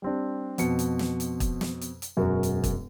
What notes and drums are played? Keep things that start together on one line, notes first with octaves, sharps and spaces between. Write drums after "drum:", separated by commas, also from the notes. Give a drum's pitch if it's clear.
G3 C4 D4
F2 B2 C#7, drum: hi-hat
drum: hi-hat
drum: snare
drum: hi-hat
drum: kick, hi-hat
drum: snare
drum: hi-hat
drum: hi-hat
E1 F#2 F#4 A#4
drum: hi-hat
drum: kick, hi-hat